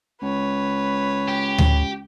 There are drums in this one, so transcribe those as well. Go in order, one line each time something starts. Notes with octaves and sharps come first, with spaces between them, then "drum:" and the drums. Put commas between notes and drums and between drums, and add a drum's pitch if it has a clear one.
C#2 B4 C#5
G4
drum: tom D2